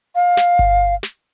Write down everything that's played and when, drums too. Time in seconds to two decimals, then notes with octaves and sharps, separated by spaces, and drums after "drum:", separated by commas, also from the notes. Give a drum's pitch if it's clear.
0.15 F5
0.37 drum: snare
0.59 drum: kick G1
1.03 drum: snare